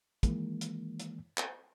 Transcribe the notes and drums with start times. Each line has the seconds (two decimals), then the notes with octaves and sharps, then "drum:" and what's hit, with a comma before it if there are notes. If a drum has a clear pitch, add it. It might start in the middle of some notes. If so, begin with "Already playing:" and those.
0.23 D#3 E3 G#3 A#3, drum: kick, hi-hat
0.61 drum: hi-hat
1.00 drum: hi-hat
1.38 drum: clap